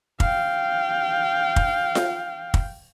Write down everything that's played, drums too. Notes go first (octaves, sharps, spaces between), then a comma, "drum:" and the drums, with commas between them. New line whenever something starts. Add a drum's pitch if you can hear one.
F5 G5, drum: kick
drum: kick
drum: snare F4
drum: kick